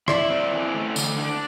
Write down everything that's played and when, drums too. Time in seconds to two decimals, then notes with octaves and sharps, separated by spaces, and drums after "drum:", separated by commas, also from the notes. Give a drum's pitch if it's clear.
0.08 E4 D5, drum: rim click
0.30 C4
0.53 E3
0.74 A3
0.96 D3, drum: tambourine
1.17 D4